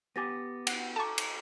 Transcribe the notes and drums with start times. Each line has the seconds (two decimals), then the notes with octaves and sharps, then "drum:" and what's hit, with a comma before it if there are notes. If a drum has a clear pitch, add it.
0.16 B3 G4 G#5 D6 A6 A#6
0.67 F#5 C7, drum: cymbal
0.96 A4 A5 A#5 C#6 D6
1.18 drum: cymbal